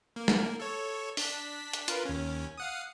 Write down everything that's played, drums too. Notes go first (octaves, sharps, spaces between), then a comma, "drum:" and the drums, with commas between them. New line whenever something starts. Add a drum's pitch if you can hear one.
A#3
drum: snare
A4 C#5
D4 B6, drum: open hi-hat
drum: hi-hat
F4 A#4 B4, drum: hi-hat
D#2 C#4
F5 F#5 D#6